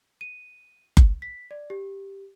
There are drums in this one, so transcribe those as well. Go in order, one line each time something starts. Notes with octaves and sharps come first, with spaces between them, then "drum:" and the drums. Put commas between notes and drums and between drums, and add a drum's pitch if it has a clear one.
D#7
drum: kick F#1
B6
D5
G4